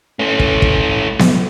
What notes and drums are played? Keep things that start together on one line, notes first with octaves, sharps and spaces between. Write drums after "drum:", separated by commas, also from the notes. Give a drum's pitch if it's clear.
A3 C#4
drum: kick
drum: kick
drum: snare B3